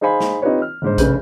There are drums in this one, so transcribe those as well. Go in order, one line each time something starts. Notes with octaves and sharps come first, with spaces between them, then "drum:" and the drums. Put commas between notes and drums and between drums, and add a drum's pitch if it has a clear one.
D#4 G#4 C5 F5 G#5 B5
drum: snare
C4 D#4 F4 G4 B4 C#5
F6
G1 G#2 C5
F1 C#3 B4 G6, drum: kick A#1, hi-hat